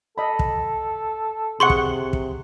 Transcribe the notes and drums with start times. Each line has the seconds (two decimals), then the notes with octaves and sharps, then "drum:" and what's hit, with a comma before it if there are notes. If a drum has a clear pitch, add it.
0.18 A4 D#5 B5
0.39 drum: kick
1.60 C3 G#4 F#5 C6 C#6 C#7
1.70 drum: kick
2.13 drum: kick